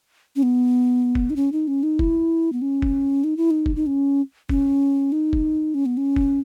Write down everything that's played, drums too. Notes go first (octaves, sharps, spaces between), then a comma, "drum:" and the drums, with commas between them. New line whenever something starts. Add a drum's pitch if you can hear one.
C#4
B3
drum: kick
D#4
C#4
D#4
C#4
D#4
E4, drum: kick
B3
C#4
drum: kick
D#4
E4
D#4
drum: kick
D#4
C#4
C#4, drum: kick
D#4
drum: kick
C#4
B3
C#4
drum: kick